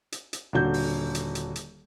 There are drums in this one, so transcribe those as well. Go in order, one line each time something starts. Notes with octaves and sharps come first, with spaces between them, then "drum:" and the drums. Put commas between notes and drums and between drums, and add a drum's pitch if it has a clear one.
drum: hi-hat
drum: hi-hat
D#1 D3 F#4 G6
drum: open hi-hat
drum: hi-hat
drum: hi-hat
drum: hi-hat